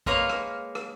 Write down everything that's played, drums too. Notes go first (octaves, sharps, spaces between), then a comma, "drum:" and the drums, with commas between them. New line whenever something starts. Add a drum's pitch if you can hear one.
G#3 A#3 B4 C#5 F5, drum: kick
drum: rim click
drum: rim click